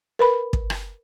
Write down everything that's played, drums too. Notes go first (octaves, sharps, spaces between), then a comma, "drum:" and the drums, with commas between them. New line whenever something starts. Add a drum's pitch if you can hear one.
A#4 B4 B5
drum: kick
drum: rim click